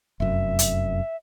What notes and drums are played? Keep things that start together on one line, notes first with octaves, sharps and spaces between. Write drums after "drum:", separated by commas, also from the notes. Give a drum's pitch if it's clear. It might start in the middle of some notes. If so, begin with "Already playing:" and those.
F1 F#2 E5
drum: hi-hat